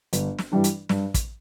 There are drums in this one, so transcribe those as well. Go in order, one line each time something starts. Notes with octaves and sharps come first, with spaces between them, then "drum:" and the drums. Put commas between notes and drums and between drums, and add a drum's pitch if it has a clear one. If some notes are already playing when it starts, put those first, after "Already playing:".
G1, drum: hi-hat
drum: snare
G2 E3 G3 D4
drum: hi-hat
G2, drum: snare
drum: kick, hi-hat